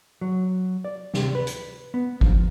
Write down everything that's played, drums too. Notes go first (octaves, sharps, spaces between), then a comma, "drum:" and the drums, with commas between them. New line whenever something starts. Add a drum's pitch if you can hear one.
F#3
D5
C3, drum: snare
B4
drum: hi-hat
B3
F3, drum: kick G1